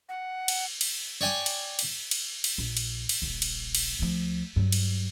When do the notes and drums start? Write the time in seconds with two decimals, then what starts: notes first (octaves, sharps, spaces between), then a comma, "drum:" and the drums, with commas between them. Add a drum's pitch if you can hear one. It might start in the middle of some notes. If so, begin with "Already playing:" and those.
0.09 F#5
0.48 drum: cymbal
0.81 drum: cymbal
1.21 C#5 D5 G5 G#5 D6
1.46 drum: cymbal
1.79 drum: cymbal
2.11 drum: cymbal
2.44 drum: cymbal
2.58 A#1
2.77 drum: cymbal
3.09 drum: cymbal
3.22 D#1 A#1
3.42 drum: cymbal
3.75 drum: cymbal
3.99 D2 F3
4.56 G2 F#3
4.72 drum: cymbal